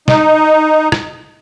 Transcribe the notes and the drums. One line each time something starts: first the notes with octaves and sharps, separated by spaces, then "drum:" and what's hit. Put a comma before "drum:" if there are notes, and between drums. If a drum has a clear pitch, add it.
D#4, drum: snare
drum: rim click